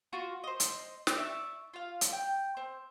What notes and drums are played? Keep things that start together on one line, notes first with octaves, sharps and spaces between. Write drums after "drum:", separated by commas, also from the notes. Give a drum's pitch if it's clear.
F4 F#4 C6
C5 D#5
drum: hi-hat
drum: snare
D5 E5 C#6
F4 F5
drum: hi-hat
G5
C4